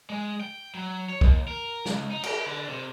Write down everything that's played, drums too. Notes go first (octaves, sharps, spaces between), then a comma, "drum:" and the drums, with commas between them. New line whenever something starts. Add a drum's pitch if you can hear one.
G#3
G5
F#3
C#5
D#2, drum: kick
A#4
C#2, drum: snare
D#4
G4, drum: cymbal
D3
C3